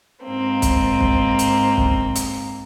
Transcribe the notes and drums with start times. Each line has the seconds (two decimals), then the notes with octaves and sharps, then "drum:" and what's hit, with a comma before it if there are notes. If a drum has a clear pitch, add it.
0.24 G#2 A#3 C4
0.62 drum: kick, hi-hat
1.01 drum: kick
1.39 drum: hi-hat
1.77 drum: kick
2.16 drum: hi-hat